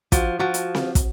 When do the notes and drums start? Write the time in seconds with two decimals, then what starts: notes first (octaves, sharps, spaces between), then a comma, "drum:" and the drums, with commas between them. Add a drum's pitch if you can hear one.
0.12 F3 F#4, drum: kick, hi-hat
0.39 F3 F#4
0.54 drum: hi-hat
0.75 drum: snare C4
0.95 drum: kick, hi-hat